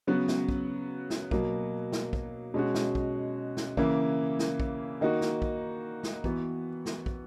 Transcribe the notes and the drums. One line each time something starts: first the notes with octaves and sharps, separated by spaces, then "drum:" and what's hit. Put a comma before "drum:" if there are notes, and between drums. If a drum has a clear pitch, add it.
C#3 F#3 B3 F#4
drum: snare
drum: kick
drum: snare
B2 F#3 A#3, drum: kick
drum: snare
drum: kick
B2 G#3 C#4 F#4
drum: snare
drum: kick
drum: snare
C#3 E3 A#3 E4, drum: kick
drum: snare
drum: kick
D#3 A#3 D#4 F#4
drum: snare
drum: kick
drum: snare
E3 B3 F#4, drum: kick
drum: snare
drum: kick